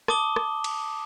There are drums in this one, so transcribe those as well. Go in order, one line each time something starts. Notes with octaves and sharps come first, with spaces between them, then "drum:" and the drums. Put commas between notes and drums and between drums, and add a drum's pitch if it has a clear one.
A5 D6 D#6 G7, drum: rim click
drum: rim click
drum: cymbal